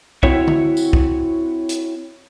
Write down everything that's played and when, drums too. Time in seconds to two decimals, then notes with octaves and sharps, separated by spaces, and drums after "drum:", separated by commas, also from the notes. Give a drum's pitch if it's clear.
0.23 C4 E4 F#4 C#5 E5 F#5, drum: kick
0.47 drum: tom
0.77 drum: tambourine
0.93 drum: kick
1.69 drum: hi-hat